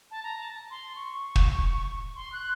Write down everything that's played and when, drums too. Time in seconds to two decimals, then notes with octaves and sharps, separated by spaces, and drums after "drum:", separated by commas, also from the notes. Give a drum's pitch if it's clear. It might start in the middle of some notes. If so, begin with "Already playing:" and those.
0.11 A5
0.24 A#5
0.39 A5
0.71 C6
0.96 C#6
1.35 drum: kick
2.15 C6
2.32 F#6